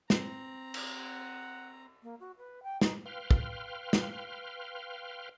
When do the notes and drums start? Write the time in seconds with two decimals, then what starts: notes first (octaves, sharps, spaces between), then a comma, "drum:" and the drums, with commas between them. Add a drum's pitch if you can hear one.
0.10 C4 A#5, drum: snare
0.74 drum: cymbal
0.95 F#5
2.03 A#3
2.20 F#4
2.38 B4
2.63 G5
2.81 D#4, drum: snare
3.06 B4 F5 G5 C6 F6
3.31 drum: kick
3.93 drum: snare